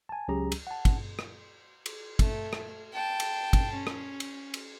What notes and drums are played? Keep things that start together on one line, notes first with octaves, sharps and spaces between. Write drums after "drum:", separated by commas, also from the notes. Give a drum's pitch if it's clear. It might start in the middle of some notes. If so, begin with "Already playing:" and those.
G#5 A5
C#2 F#3 C#4 G4 G#4 A#5
drum: cymbal
F#5 A5
drum: kick, cymbal
drum: rim click
drum: cymbal
A3, drum: kick, cymbal
drum: rim click
G5 A5
drum: cymbal
drum: kick, cymbal
C#4
drum: rim click
drum: cymbal
drum: cymbal